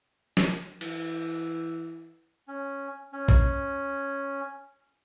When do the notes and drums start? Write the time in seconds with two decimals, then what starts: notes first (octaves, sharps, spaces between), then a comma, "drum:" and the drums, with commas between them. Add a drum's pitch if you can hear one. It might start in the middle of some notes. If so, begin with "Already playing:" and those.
0.37 drum: snare
0.81 E3, drum: cymbal
2.48 C#4
3.13 C#4
3.28 drum: kick